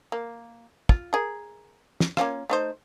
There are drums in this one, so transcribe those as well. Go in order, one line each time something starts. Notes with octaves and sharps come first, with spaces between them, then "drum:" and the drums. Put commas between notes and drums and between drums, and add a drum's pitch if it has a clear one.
A#3
F4, drum: kick
G#4 A#4
drum: snare
A#3 C#4 F4, drum: rim click
A3 D#4 C5